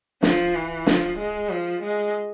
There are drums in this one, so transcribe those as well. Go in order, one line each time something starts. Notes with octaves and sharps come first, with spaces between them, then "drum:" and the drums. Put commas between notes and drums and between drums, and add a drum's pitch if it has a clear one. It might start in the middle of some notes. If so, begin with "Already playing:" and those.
F3, drum: snare
E3
F3, drum: snare
G#3
F3
G#3